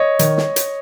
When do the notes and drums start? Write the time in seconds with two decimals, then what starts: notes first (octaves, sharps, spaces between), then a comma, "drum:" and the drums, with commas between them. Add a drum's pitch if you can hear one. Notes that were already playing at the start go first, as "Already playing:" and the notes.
Already playing: C#5 D#5
0.19 D#3, drum: hi-hat
0.37 drum: snare
0.56 drum: hi-hat